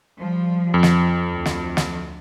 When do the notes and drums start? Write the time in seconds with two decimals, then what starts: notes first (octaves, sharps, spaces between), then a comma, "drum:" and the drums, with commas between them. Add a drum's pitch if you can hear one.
0.19 F3 G3
0.74 F2
0.83 drum: snare
1.30 D2
1.46 drum: snare
1.77 drum: snare